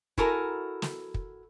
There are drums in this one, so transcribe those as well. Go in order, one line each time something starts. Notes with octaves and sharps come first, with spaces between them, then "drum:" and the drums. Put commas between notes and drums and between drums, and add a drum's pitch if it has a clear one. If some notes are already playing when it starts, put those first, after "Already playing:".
E4 F#4 A4 A#4 G#5 A#5, drum: kick
drum: snare
drum: kick